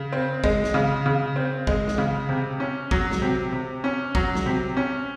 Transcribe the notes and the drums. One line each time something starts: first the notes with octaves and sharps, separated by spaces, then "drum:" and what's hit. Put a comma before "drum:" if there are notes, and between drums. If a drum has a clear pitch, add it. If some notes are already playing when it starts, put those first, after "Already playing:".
Already playing: C#3
C4
G#3, drum: kick
drum: snare
C#3
C#3
C4
G#3, drum: kick
drum: snare
C#3
C3
C#4
F#3, drum: kick
drum: snare
C3
C3
C#4
F#3, drum: kick
drum: snare
C3
C#4